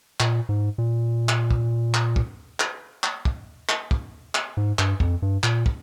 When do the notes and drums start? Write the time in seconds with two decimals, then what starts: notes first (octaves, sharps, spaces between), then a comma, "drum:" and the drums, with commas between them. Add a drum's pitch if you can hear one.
0.20 A#2, drum: clap
0.49 G#2
0.78 A#2
1.29 drum: clap
1.51 drum: kick
1.94 drum: clap
2.16 drum: kick
2.60 drum: clap
3.04 drum: clap
3.25 drum: kick
3.69 drum: clap
3.91 drum: kick
4.35 drum: clap
4.57 G#2
4.79 G2, drum: clap
5.00 F2, drum: kick
5.22 G2
5.43 A#2, drum: clap
5.66 drum: kick